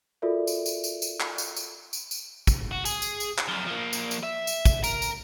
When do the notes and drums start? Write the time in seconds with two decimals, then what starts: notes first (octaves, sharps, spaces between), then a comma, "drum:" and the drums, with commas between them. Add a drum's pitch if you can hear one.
0.22 F4 F#4 A4 A#4 D5 E5
0.47 drum: tambourine
0.66 drum: tambourine
0.84 drum: tambourine
1.02 drum: tambourine
1.20 drum: clap
1.38 drum: tambourine
1.56 drum: tambourine
1.93 drum: tambourine
2.11 drum: tambourine
2.47 drum: kick, tambourine
2.72 F#4
2.85 G#4, drum: tambourine
3.02 drum: tambourine
3.20 drum: tambourine
3.38 drum: clap
3.48 F#2 F3
3.66 F3 A#3
3.93 drum: tambourine
4.11 drum: tambourine
4.23 E5
4.47 drum: tambourine
4.65 drum: kick, tambourine
4.84 A#4, drum: tambourine
5.02 drum: tambourine